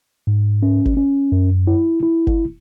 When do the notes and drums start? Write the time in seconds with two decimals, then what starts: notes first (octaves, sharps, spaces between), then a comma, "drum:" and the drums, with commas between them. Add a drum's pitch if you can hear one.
0.27 G#2
0.63 C#4
0.86 drum: kick G#1
0.97 C#4
1.32 F#2
1.67 E4
2.03 E4
2.27 drum: kick G#1